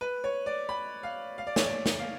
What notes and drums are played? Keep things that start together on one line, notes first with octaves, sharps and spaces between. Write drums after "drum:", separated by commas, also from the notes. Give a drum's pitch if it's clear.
B4
C#5
D5
B5
F5
F5
D5
C#5, drum: snare
D5
drum: snare
F5